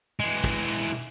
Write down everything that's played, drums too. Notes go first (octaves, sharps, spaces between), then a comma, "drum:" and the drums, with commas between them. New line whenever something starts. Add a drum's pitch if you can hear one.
E3 G#3
drum: kick, cymbal
drum: cymbal
drum: tom